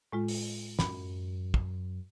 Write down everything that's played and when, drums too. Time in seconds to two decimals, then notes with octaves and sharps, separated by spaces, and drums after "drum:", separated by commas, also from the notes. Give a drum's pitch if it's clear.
0.12 A2 G#3 F4
0.28 drum: open hi-hat
0.79 F#2 B5, drum: snare
1.54 drum: kick